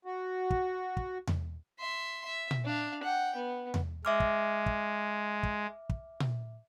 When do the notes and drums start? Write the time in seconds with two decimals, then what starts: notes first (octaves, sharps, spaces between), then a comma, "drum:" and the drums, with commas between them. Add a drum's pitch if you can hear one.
0.05 F#4
0.50 drum: kick
0.97 drum: kick
1.27 drum: tom E2
1.80 E5 C6
2.25 E5
2.51 drum: tom A#2
2.65 D4 F5
3.03 F#5 G5
3.35 B3
3.74 drum: tom E2
4.05 G#3 E5 D6 F6
4.20 drum: kick
4.66 drum: kick
5.43 drum: kick
5.89 drum: kick
6.20 drum: tom A#2